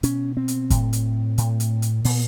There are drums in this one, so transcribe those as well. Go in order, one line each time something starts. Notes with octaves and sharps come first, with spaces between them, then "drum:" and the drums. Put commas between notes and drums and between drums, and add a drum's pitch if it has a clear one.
B2 C#4, drum: hi-hat
C4
drum: hi-hat
A2, drum: kick, hi-hat
drum: hi-hat
A2, drum: hi-hat
drum: hi-hat
drum: hi-hat
A#2 B3, drum: open hi-hat